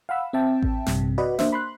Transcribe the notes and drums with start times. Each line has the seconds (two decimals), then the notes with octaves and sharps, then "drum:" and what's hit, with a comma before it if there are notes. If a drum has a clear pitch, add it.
0.09 F5 F#5 B5 E6
0.33 C4 E5 G5 A5
0.62 drum: kick A1
0.86 A#1 G2 C3, drum: snare
1.18 F#4 B4 D5 D#5 F#5 B5
1.39 A#3 D4 C5 E5, drum: snare
1.52 B5 C6 F#6